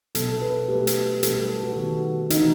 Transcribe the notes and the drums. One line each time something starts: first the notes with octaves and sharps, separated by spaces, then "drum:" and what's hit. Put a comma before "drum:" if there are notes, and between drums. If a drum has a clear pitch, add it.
B2 F#3 B3 A4, drum: hi-hat
A4
B4
A4
B2 A3 G4
drum: hi-hat
B2 G3 B3 A4, drum: hi-hat
B4
A4
F#4
D#3 G3 B3
C3 E3 A3 D#4, drum: hi-hat